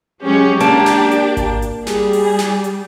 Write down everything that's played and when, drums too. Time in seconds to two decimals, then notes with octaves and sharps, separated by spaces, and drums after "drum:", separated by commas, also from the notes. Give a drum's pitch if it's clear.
0.24 F#3 G#3 C#4 G4
0.61 A#3 D4 A5, drum: hi-hat
0.86 drum: snare
1.11 drum: hi-hat
1.37 drum: kick G#1, hi-hat
1.62 drum: hi-hat
1.87 G3 G#4, drum: snare
2.13 drum: open hi-hat
2.39 drum: snare
2.64 drum: hi-hat